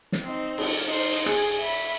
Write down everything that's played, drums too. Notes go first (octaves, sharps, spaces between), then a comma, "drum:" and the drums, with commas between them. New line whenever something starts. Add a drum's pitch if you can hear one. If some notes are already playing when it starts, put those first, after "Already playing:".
drum: snare
C4 D#4
drum: cymbal
D#4 C5
G#4, drum: rim click
E5 B5